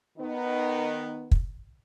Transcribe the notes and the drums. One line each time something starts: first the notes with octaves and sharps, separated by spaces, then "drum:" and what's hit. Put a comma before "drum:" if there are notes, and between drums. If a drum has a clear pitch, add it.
D#3 B3 D#4
drum: kick